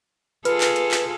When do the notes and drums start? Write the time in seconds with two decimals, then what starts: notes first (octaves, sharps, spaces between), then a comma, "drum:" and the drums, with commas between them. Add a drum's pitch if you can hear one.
0.45 F4 G#4 A4 B4 F6, drum: hi-hat
0.61 drum: clap
0.76 drum: hi-hat
0.91 drum: clap